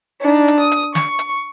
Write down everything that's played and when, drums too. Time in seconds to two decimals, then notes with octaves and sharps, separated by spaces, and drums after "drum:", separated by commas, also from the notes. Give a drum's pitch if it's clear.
0.21 D4 D#4
0.48 drum: hi-hat
0.60 D#6
0.71 drum: hi-hat
0.95 C#6, drum: snare
1.19 drum: hi-hat